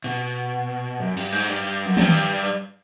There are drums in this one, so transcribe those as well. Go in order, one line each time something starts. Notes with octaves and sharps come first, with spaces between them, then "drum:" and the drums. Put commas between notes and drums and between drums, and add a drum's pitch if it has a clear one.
B2
F#2
G2, drum: cymbal
G#2
G2
F#2
G2, drum: tom